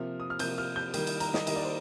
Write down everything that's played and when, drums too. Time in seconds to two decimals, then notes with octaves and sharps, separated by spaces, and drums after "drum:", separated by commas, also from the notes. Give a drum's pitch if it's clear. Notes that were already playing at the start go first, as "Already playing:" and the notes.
Already playing: C3 F3 A#3 F6
0.20 D#6
0.30 F6
0.39 C3 F3 A#3 G6, drum: cymbal
0.58 F6
0.76 G6
0.94 D#3 G3 A#3, drum: cymbal
1.07 drum: cymbal
1.20 A#5, drum: cymbal
1.34 D#5, drum: snare
1.47 D#3 G3 A#3 D#5, drum: cymbal
1.56 D5
1.64 C5